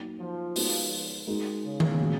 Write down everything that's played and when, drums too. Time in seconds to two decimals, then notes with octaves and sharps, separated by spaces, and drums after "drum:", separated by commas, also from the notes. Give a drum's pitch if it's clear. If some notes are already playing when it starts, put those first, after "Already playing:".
Already playing: F#3 A#3 D#4 F#4
0.19 F3
0.56 G#3 B3 D#4 F#4 B4, drum: open hi-hat
1.27 G#3 D#4 F#4 A#4
1.63 C#3
1.80 drum: tom D#3
2.00 A#2 F3 G#3 B3 F#4